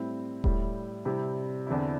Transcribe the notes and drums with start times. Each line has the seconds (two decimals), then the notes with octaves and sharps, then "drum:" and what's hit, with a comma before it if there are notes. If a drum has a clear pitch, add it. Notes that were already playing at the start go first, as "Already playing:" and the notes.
Already playing: A2 G3 C4 E4
0.44 A2 G3 E4, drum: kick D#1
1.05 C3 G3 C4 E4
1.67 E2 D3 C4 E4